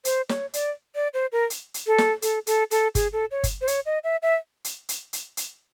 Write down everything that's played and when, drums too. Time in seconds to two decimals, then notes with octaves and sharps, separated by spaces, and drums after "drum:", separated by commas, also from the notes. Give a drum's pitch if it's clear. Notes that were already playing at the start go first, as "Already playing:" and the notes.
0.05 C5, drum: hi-hat
0.29 C#5, drum: snare
0.54 D5, drum: hi-hat
0.95 D5
1.14 C5
1.32 A#4
1.50 drum: hi-hat
1.74 drum: hi-hat
1.87 A4
1.98 drum: snare
2.22 A4, drum: hi-hat
2.47 A4, drum: hi-hat
2.71 A4, drum: hi-hat
2.95 G#4, drum: kick G1, hi-hat
3.13 A4
3.31 C#5
3.44 drum: kick G1, hi-hat
3.61 C5
3.68 C#5, drum: hi-hat
3.86 D#5
4.04 E5
4.22 E5
4.64 drum: hi-hat
4.89 drum: hi-hat
5.13 drum: hi-hat
5.37 drum: hi-hat